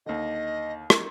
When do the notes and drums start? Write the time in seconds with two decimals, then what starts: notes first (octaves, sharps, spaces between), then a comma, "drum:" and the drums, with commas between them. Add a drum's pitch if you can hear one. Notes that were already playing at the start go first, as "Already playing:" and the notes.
0.06 D#2 D3 D#5
0.90 drum: rim click